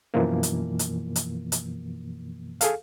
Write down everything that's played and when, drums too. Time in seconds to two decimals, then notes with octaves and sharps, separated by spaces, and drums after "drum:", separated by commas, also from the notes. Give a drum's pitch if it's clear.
0.14 F#2 B2 E3 F3 A#3
0.43 drum: hi-hat
0.79 drum: hi-hat
1.16 drum: hi-hat
1.52 drum: hi-hat
2.61 G#4 A4 F5, drum: hi-hat